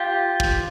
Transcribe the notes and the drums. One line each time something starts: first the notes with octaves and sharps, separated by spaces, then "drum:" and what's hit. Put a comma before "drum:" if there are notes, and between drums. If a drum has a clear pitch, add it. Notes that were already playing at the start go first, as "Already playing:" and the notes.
Already playing: F4 G4
drum: kick